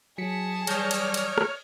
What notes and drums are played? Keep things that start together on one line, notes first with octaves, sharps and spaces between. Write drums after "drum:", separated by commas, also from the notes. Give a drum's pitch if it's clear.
F#3 G#4 A5 B6 C#7
E3 F#3 G3 C#5 D#6 F6 G6 A#6, drum: cymbal
drum: cymbal
drum: cymbal
drum: rim click